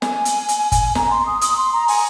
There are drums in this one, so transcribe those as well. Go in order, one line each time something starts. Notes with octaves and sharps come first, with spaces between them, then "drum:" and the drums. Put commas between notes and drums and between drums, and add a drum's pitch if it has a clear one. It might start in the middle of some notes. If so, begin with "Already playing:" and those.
G#5, drum: snare
drum: hi-hat
drum: hi-hat
drum: kick G1, hi-hat
A#5, drum: snare
C6
D#6
D#6, drum: hi-hat
C6
A#5
G#5, drum: open hi-hat